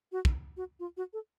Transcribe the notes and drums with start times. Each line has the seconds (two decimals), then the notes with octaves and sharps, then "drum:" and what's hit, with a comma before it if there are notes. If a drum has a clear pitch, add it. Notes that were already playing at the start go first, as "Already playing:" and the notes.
0.12 F#4
0.25 drum: kick
0.57 F#4
0.80 F4
0.97 F#4
1.13 A4